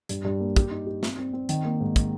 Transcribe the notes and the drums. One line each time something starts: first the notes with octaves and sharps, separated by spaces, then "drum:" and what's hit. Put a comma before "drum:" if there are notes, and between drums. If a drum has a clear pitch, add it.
G2, drum: hi-hat
G2
A#3
G4, drum: kick, hi-hat
D#4
G4
C4, drum: snare
C4
C4
D#3, drum: hi-hat
A#3
G#2
drum: kick, hi-hat